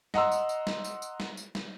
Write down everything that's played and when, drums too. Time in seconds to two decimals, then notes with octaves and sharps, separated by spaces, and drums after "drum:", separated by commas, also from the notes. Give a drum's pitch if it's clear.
0.14 D#5 F#5 A#5 C6 E6, drum: snare
0.31 drum: tambourine
0.49 drum: tambourine
0.67 drum: snare
0.84 drum: tambourine
1.02 drum: tambourine
1.20 drum: snare
1.37 drum: tambourine
1.55 drum: snare